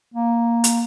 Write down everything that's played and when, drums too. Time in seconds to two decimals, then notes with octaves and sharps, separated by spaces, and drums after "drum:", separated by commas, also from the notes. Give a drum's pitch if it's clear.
0.14 A#3
0.64 drum: hi-hat